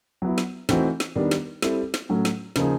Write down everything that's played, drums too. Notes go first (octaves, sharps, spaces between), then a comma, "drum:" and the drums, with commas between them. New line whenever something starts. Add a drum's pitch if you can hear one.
F#3 B3 E4
drum: snare
E3 A3 C4 D#4 F#4, drum: snare
drum: snare
D#3 G3 B3 D4
drum: snare
G3 C4 E4 A4, drum: snare
drum: snare
A2 F#3 A3 C#4
drum: snare
C#3 F3 A#3 D#4 G#4, drum: snare